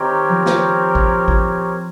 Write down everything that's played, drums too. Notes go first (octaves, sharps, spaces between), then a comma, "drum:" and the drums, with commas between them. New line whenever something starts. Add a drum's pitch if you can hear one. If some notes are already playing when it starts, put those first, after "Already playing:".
Already playing: D#3 C4 G4 A#4 C#5
F3
drum: snare
drum: kick
drum: kick